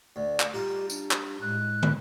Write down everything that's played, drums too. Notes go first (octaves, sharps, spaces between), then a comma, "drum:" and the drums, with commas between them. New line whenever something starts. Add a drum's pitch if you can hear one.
D2 D5
drum: clap
G3 D#4 F4 G4
D4, drum: tambourine
drum: clap
A2 G#3 F#6
drum: tom